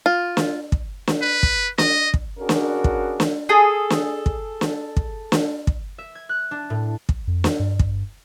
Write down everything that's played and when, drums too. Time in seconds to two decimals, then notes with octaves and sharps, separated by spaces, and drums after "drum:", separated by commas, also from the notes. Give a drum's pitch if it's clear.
0.06 F4
0.37 drum: snare
0.72 drum: kick
1.07 drum: snare
1.22 B4
1.43 drum: kick
1.78 D#5, drum: snare
2.14 drum: kick
2.39 C#3 D4 F#4 G#4 A#4
2.49 drum: snare
2.84 drum: kick
3.20 drum: snare
3.49 G#4 A4
3.90 drum: snare
4.26 drum: kick
4.61 drum: snare
4.97 drum: kick
5.32 drum: snare
5.67 drum: kick
5.98 E5
6.15 G#6
6.29 F#6
6.51 D4
6.70 A2
7.09 drum: kick
7.27 F2
7.44 drum: snare
7.60 G2
7.79 drum: kick